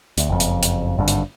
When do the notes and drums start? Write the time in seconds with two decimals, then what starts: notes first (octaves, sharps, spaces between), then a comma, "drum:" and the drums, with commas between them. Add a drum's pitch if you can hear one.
0.18 D2, drum: hi-hat
0.29 F#1 F2
0.40 drum: hi-hat
0.63 drum: hi-hat
0.97 G#1 G2 B2 D3
1.08 drum: hi-hat